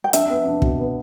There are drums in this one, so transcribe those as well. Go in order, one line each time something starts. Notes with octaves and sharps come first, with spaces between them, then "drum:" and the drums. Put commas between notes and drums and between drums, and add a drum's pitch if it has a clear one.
G5
D4 E5, drum: hi-hat
B3
D4
B2, drum: kick
B3